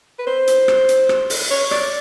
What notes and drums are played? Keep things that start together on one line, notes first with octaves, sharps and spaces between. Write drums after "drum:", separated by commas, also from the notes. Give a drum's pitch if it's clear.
B4
C5
drum: hi-hat
drum: rim click
drum: hi-hat
drum: rim click
drum: open hi-hat
C#5
D5, drum: rim click